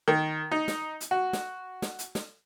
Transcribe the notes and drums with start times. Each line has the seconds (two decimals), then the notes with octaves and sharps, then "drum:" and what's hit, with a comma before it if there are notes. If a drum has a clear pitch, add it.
0.08 D#3
0.51 D#4
0.68 drum: snare
1.01 drum: hi-hat
1.11 F#4
1.33 drum: snare
1.82 drum: snare
1.99 drum: hi-hat
2.15 drum: snare